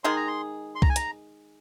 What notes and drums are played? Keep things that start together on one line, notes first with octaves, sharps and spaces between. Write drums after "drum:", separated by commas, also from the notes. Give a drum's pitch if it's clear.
D#3 G#3 D#4 G#4 C6
A#5
C6
C6
A#5, drum: kick C2
G#5
A#5, drum: hi-hat